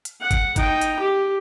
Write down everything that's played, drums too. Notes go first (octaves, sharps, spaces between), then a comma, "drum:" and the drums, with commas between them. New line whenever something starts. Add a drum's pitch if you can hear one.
drum: hi-hat
F#5
drum: kick G1, hi-hat
D#4 G5, drum: kick G1, hi-hat
drum: hi-hat
G4